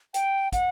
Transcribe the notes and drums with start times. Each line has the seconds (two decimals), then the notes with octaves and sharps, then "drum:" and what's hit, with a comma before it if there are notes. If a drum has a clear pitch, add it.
0.14 G5, drum: hi-hat
0.52 F#5, drum: kick, hi-hat